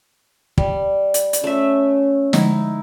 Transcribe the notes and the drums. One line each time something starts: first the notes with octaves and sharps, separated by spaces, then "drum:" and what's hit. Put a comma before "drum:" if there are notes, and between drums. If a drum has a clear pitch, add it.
G3, drum: kick
drum: hi-hat
drum: hi-hat
A3 C#4 E5
D3 F3 G#3 D#4 E4, drum: snare